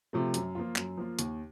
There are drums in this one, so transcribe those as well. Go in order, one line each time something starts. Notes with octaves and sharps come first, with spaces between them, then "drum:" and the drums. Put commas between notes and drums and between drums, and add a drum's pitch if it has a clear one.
C3 F3 A3
F#2, drum: hi-hat
F3 A#3 F4
F#2, drum: clap
F3 A#3 F4
D#2, drum: hi-hat